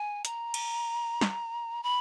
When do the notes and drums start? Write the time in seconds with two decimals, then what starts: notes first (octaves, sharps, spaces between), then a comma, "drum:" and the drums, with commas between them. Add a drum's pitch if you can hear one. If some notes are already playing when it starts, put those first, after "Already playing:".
Already playing: G#5
0.25 A#5, drum: hi-hat
0.54 drum: cymbal
1.21 drum: snare
1.83 B5